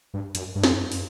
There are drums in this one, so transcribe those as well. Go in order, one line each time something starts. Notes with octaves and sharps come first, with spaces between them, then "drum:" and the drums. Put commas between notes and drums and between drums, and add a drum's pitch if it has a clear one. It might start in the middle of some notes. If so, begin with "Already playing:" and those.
G2
F#2, drum: hi-hat
G2
F#2, drum: snare
drum: open hi-hat